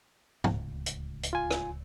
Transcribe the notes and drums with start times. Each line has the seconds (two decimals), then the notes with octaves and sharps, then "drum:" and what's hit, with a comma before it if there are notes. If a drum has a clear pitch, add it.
0.44 D1 C#2, drum: tom
0.86 drum: hi-hat
1.23 drum: hi-hat
1.33 F4 G#5
1.51 drum: rim click